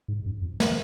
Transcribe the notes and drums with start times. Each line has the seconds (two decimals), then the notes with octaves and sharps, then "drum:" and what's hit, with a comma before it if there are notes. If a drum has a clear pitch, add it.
0.08 G#2
0.26 F#2
0.42 F2
0.60 drum: snare